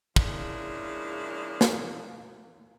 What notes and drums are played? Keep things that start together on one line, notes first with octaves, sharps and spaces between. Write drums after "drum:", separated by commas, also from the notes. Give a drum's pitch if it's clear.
C#3 F3 G#3 A#3 D4 E4, drum: kick
drum: snare